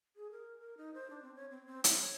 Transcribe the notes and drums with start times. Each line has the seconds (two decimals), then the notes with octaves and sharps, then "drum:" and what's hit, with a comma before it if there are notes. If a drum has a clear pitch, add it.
0.16 G#4
0.32 A#4
0.59 A#4
0.77 D#4
0.94 C5
1.10 D4
1.22 C4
1.36 C#5
1.51 C4
1.66 C4
1.84 E4, drum: hi-hat
2.01 C#5